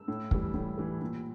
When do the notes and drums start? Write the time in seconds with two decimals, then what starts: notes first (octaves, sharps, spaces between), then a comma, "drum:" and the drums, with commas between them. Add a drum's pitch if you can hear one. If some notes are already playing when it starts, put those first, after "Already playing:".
Already playing: E6
0.08 A2
0.31 E3 G3, drum: kick
0.54 A2
0.78 E3 G3
1.01 A#2